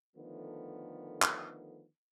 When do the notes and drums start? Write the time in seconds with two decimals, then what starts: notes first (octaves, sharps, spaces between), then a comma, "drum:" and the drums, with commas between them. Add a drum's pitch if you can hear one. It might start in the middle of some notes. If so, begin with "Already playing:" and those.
0.16 D3 D#3 F3 A3 B3
1.22 drum: clap